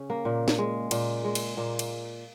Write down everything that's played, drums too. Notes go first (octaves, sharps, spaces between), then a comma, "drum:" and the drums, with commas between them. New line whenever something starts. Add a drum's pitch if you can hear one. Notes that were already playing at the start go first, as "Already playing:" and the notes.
Already playing: C#3 C#4
A#3
A#2
drum: snare
G#3
A#2, drum: cymbal
G#3
drum: cymbal
A#2 A#3
drum: cymbal